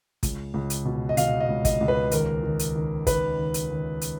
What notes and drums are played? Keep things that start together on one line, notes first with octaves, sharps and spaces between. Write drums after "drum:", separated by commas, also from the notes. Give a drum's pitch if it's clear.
C#2, drum: kick, hi-hat
C#2
drum: hi-hat
B2
D#5
B2 F5, drum: hi-hat
D#5
C#2
D#5, drum: kick, hi-hat
C#2
B4
D#2 A#4, drum: hi-hat
D#2
drum: hi-hat
D#3
D#3 B4, drum: kick, hi-hat
D#2
drum: hi-hat
D#2
drum: hi-hat